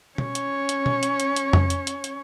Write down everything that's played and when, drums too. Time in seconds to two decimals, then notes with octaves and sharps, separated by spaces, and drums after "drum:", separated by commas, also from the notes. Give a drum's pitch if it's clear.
0.18 C#4 C#5, drum: tom B2
0.35 drum: hi-hat
0.69 drum: hi-hat
0.86 drum: tom B2
1.03 drum: hi-hat
1.20 drum: hi-hat
1.36 drum: hi-hat
1.53 drum: tom F2
1.70 drum: hi-hat
1.87 drum: hi-hat
2.04 drum: hi-hat